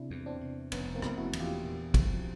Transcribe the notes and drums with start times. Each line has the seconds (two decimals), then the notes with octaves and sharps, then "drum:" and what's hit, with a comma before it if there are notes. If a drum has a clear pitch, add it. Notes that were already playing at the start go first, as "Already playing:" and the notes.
Already playing: C3 D4 E4
0.10 E2
0.26 C4 D4
0.41 C3
0.72 F1 B3 C#4, drum: cymbal
0.94 A#3 C4
1.02 F1, drum: rim click
1.17 E4 F#4
1.33 E2, drum: cymbal
1.40 F4 G4
1.63 A#2
1.94 F3, drum: kick, cymbal